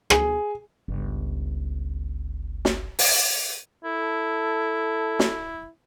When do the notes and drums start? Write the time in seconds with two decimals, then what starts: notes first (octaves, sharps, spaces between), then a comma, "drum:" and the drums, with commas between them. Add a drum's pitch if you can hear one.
0.10 G#4, drum: rim click
0.88 G1 C#2
2.65 drum: snare
2.99 drum: open hi-hat
3.84 E4 A4
5.19 drum: snare